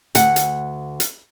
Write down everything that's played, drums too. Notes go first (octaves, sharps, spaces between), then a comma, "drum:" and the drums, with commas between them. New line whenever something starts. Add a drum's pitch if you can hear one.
D2 F#5, drum: hi-hat
drum: hi-hat
drum: hi-hat